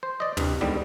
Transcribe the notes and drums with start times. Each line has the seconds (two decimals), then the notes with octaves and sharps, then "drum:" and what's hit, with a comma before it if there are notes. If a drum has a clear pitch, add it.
0.03 C5
0.20 D5 D#5
0.37 C2 G2, drum: tom
0.61 E2 G#2 D3 G3